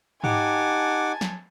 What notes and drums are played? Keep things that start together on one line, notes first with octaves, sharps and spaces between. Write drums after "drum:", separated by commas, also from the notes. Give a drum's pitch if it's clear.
D#4 G4 F#5 G#5 A5 D6, drum: tom G#2
drum: snare